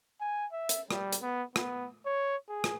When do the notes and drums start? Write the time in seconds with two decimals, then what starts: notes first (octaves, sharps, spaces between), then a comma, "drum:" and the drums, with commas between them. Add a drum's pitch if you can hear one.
0.21 G#5
0.52 E5
0.69 drum: hi-hat
0.91 G3, drum: rim click
1.13 drum: hi-hat
1.22 B3
1.56 B3, drum: rim click
2.06 C#5
2.49 G#4
2.64 drum: rim click